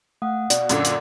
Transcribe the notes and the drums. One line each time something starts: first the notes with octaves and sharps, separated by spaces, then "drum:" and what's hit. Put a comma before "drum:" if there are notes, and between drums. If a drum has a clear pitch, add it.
A3 F5 F#5 D#6
B2 D5, drum: hi-hat
F#2 A#2 D3, drum: hi-hat
drum: hi-hat